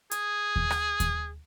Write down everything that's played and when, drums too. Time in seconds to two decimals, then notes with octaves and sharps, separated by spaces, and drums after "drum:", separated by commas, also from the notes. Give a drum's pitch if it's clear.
0.11 G#4, drum: hi-hat
0.56 drum: kick D#2
0.70 drum: rim click
1.00 drum: kick D#2, hi-hat